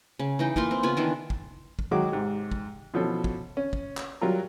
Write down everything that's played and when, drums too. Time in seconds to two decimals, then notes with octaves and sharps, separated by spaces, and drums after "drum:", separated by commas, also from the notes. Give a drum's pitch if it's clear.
0.19 C#3
0.39 E3 D#4 G5
0.56 E3 A#3 F4 C6, drum: kick
0.71 C4
0.83 C#3 B3 F4 G#5
0.97 D#3 E3 D4
1.30 drum: kick
1.79 drum: kick
1.91 D#3 F#3 G#3 F#4 D6
2.12 G#2 C3
2.52 drum: kick
2.94 B2 E3 F3 C#4 A4
3.24 drum: kick
3.57 C#4
3.73 drum: kick
3.97 drum: clap
4.21 F#3 G3 F4 A#4